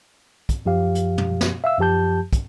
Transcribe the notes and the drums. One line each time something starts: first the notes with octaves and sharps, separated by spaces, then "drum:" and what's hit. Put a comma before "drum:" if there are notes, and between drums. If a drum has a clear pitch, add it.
drum: kick, hi-hat
F#2 F3 G4 F5
drum: hi-hat
drum: tom
drum: snare
E5 F5 E6
F#2 F3 G4 A5 G6
drum: kick, hi-hat